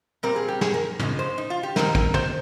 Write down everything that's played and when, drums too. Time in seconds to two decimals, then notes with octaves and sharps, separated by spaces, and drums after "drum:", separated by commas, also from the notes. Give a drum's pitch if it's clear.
0.23 A#2 G3 C4 A#4
0.36 G#4
0.48 G4
0.61 G#4, drum: snare
0.74 A#4
0.99 C#3 F3 G#3 D#4, drum: tom
1.19 C5
1.38 D#4
1.50 F4
1.63 G4
1.76 D#3 G3 C4 D#4 A#4, drum: snare
1.95 A#4, drum: kick
2.14 C5, drum: tom